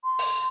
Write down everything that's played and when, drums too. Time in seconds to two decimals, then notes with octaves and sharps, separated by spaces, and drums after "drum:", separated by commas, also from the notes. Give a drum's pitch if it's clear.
0.04 C6
0.19 drum: open hi-hat